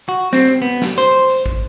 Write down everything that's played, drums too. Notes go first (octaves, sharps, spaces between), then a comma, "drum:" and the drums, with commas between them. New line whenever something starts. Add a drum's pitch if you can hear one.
F#4
C4, drum: snare
B3
drum: snare
C5, drum: hi-hat
drum: hi-hat
drum: kick